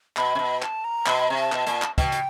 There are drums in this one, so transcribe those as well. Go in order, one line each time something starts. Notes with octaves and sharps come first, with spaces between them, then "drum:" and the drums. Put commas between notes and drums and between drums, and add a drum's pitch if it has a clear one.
B2 B5, drum: clap
C3
B2
A5, drum: clap
A#5
B2 B5, drum: clap
B5
C3 A#5
A5
B2, drum: clap
A#2, drum: hi-hat
drum: clap
B2 G5, drum: kick, hi-hat
drum: hi-hat